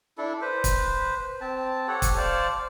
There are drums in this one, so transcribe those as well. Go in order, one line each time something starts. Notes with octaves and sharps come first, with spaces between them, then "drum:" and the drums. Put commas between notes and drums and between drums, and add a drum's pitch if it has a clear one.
D4 E4 A4
B4 C5
drum: kick, hi-hat
C4 A5
G4 A4 C#5 F#5
drum: kick, hi-hat
C5 D5 F5 A5